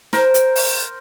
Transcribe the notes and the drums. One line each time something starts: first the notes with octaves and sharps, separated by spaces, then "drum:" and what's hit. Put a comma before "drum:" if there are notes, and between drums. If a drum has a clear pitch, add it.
A#4 C5, drum: snare
drum: hi-hat
drum: open hi-hat